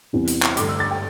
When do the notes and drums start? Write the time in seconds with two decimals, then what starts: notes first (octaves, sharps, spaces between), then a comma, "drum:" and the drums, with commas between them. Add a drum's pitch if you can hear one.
0.13 E2 C3 G3 C4
0.28 drum: hi-hat
0.43 drum: clap
0.57 G2 D3 A3 D6, drum: hi-hat
0.69 E6
0.80 A6
0.91 G5